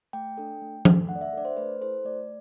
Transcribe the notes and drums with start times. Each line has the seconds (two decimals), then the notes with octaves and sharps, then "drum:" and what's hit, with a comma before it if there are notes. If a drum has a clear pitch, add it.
0.13 A3 G5
0.38 D4 A4
0.62 A3
0.85 D4 A4, drum: tom F3
1.09 A3 F#5
1.15 D5
1.21 E5
1.33 D4 A4 D5
1.45 C5
1.57 A3 B4
1.81 E4 A4 C5
2.05 A3 D5